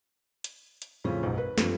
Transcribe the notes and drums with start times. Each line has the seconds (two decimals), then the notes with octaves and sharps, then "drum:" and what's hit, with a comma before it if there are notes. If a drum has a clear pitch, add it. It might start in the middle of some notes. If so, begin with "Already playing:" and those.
0.44 drum: hi-hat
0.82 drum: hi-hat
1.04 F2 A2 C#3 C#4 F4
1.23 B1 G#2
1.38 B4
1.58 G2 F3 A3 C4, drum: snare